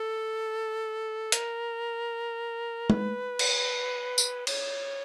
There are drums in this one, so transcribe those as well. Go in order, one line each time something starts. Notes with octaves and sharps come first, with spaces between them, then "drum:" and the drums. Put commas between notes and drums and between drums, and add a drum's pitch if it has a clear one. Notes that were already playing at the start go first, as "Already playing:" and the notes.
Already playing: A4
A#4, drum: hi-hat
B4, drum: tom
drum: cymbal
drum: tambourine
C#5, drum: cymbal